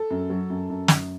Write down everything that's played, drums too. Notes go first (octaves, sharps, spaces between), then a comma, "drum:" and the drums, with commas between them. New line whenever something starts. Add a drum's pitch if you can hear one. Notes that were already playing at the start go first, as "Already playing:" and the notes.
Already playing: A4
F#2
F#3
F#2
F#2
F#2, drum: snare